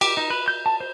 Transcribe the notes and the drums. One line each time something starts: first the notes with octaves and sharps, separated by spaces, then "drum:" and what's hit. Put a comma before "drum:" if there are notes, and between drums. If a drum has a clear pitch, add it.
G4, drum: cymbal
D#4
B4
G6
A5
C5